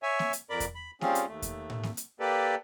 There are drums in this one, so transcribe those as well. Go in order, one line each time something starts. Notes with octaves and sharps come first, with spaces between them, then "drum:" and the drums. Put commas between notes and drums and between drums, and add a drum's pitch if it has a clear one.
C#5 E5 G#5
drum: snare A#3
drum: hi-hat
F2 A#4 D5 B5
drum: kick E2, hi-hat
B5
G3 C4 C#4 F4 G#4, drum: snare A#3
drum: hi-hat
D#2 A3
drum: kick E2, hi-hat
drum: tom A2
drum: snare A#3
drum: hi-hat
A#3 G4 A4 B4 D5